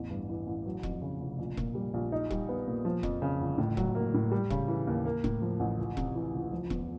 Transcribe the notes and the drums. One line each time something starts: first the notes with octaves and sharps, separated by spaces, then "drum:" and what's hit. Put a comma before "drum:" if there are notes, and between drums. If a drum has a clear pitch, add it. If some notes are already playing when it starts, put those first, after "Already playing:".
Already playing: A1 E2
G2
E3
A1
F#3
F2, drum: kick E1
C#3
F1
A#1
A#2, drum: kick E1
G3
A#1
D#4
G3, drum: kick E1
B3
A#2
F3
F2, drum: kick E1
C#3
G1
A2
F#3, drum: kick E1
A#3
A2
G3
C#3, drum: kick E1
E3
D#2
A#3
A2, drum: kick E1
F3
A1
C#2
C3, drum: kick E1
E3
C#2
F3
E2, drum: kick E1